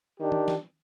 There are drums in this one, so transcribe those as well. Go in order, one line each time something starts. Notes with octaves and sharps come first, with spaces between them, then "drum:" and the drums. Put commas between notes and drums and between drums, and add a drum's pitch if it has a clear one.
D#3 D4 G4
drum: tom
drum: snare E3